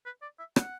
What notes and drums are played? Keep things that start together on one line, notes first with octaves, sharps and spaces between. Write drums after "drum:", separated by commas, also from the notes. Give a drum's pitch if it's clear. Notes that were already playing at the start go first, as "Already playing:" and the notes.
B4
D5
E5
F#5, drum: rim click